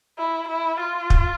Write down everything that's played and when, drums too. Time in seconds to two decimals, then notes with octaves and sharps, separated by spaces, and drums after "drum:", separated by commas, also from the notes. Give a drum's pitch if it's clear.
0.19 E4
0.48 E4
0.80 F4
1.10 drum: kick